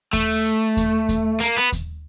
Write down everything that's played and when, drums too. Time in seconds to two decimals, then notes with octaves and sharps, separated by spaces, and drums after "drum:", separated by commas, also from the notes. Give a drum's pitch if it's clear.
0.13 A3, drum: kick D#2, hi-hat
0.45 drum: hi-hat
0.77 drum: kick D#2, hi-hat
1.09 drum: kick D#2, hi-hat
1.40 A#3, drum: hi-hat
1.57 B3
1.72 drum: kick D#2, hi-hat